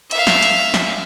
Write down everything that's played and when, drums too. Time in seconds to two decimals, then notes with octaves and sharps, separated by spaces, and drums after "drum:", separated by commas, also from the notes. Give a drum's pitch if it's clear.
0.11 E5 F5, drum: hi-hat
0.27 drum: snare
0.42 drum: hi-hat
0.74 drum: snare